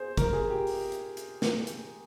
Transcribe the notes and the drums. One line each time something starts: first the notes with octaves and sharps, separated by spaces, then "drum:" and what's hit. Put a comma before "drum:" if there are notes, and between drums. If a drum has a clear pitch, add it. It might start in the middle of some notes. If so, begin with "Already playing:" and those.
Already playing: G#4 C5
A#4, drum: kick, hi-hat
G#4
G4
drum: open hi-hat
drum: hi-hat
drum: hi-hat
drum: snare
drum: hi-hat